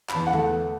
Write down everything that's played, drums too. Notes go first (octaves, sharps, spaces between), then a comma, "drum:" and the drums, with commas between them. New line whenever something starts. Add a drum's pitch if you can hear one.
B5, drum: clap
E2 A5
F#5
A3, drum: tom